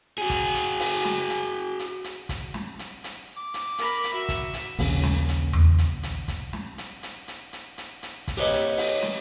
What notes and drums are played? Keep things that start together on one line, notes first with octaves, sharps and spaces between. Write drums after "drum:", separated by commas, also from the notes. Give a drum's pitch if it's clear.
F#4 G#4
drum: kick, hi-hat
drum: hi-hat
drum: open hi-hat
drum: snare
drum: hi-hat
drum: hi-hat
drum: hi-hat
drum: kick, hi-hat
drum: snare
drum: hi-hat
drum: hi-hat
D6
drum: hi-hat
A#4 B5, drum: hi-hat
drum: hi-hat
F#4 E5
drum: kick, hi-hat
drum: hi-hat
A#1 D#2 C#3, drum: open hi-hat
drum: snare
drum: hi-hat
drum: tom E2
drum: hi-hat
drum: hi-hat
drum: kick, hi-hat
drum: snare
drum: hi-hat
drum: hi-hat
drum: hi-hat
drum: hi-hat
drum: hi-hat
drum: hi-hat
drum: kick, hi-hat
G4 B4 C#5 D#5
drum: hi-hat
drum: open hi-hat
drum: snare